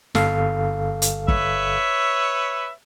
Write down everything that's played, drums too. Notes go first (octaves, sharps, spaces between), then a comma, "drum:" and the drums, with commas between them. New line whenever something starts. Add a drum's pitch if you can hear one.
G1 A4 F5, drum: snare
drum: hi-hat
B4 C#5 E5, drum: kick